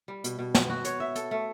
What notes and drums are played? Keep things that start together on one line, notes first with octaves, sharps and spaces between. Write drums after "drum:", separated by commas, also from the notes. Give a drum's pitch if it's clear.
G3
B2, drum: hi-hat
B2
B3, drum: snare
F#4
C#5, drum: hi-hat
E5
A4, drum: hi-hat
A3